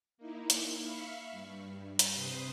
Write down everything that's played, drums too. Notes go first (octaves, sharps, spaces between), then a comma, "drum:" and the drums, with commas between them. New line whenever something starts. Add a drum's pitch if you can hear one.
A#3 D#4 E4
drum: hi-hat
E5 F5 B5 C#6 F6
G2
drum: hi-hat
C3 B4 C5 D#6